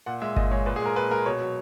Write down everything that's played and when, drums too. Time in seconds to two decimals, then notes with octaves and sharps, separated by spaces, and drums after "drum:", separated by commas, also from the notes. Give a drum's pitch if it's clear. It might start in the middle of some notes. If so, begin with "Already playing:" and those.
0.06 A#2 F#5
0.22 G#3 E5
0.36 A#2 D#5, drum: kick G1
0.51 G#3 C#5
0.66 A#2 B4
0.76 G#4
0.82 G#3 A#4
0.96 A#2 B4
1.11 G#3 A#4
1.26 B2 C#5
1.41 F#3